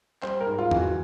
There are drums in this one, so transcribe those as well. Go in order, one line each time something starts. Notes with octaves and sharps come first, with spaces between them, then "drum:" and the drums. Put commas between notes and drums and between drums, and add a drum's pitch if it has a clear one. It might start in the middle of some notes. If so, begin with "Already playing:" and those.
G3 C5, drum: clap
A#4
G#2
F4
E3 F#4, drum: tom E2